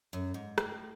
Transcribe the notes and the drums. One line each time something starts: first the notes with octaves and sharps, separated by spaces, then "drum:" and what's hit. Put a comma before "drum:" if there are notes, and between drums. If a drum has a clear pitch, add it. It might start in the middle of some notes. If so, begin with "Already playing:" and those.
F#2
G#2
A2, drum: rim click